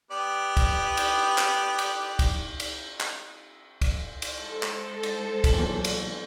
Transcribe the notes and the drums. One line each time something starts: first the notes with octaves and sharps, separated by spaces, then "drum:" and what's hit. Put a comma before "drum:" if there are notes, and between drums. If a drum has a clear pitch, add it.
B3 G4 D5
drum: kick, cymbal
drum: cymbal
drum: clap
drum: cymbal
drum: kick, cymbal
drum: cymbal
drum: clap
drum: kick, cymbal
drum: cymbal
G#3 A4 C5
drum: clap
drum: cymbal
drum: kick, cymbal
B1 E2 A#2
drum: cymbal